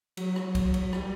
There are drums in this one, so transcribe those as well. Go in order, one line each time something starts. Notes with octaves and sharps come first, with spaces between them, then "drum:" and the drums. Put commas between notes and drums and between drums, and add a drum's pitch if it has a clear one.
F#3, drum: cymbal
drum: rim click
drum: kick, cymbal
drum: cymbal
G3, drum: rim click